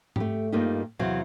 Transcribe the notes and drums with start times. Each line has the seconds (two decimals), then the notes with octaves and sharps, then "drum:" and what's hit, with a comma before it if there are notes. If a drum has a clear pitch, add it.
0.16 A3 G4, drum: tom G#2
0.52 G2 G3 A#3 D#4 F4 G4
0.99 E2 C3 F#3 F5